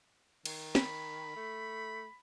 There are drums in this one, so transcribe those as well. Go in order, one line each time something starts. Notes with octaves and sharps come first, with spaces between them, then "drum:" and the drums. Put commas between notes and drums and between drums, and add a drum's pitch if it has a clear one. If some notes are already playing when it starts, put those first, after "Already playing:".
D#3, drum: cymbal
B5, drum: snare
A3